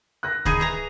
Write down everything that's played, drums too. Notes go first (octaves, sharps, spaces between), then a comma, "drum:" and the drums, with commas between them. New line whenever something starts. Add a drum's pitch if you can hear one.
F#6 A#6
D#3 D#4 G#4 B5 D#7, drum: kick C#2
E3 G#4 A#5